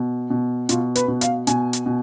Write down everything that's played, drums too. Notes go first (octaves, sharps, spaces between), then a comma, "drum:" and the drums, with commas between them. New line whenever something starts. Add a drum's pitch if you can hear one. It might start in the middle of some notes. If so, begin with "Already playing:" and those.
Already playing: B2
B2
B2 F4, drum: hi-hat
B4, drum: hi-hat
B2
F5, drum: hi-hat
B2 G#5, drum: hi-hat
drum: hi-hat
B2